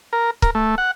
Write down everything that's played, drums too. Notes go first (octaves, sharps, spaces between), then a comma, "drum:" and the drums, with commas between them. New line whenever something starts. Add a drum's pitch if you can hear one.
A#4
A#4, drum: kick
A3
F#5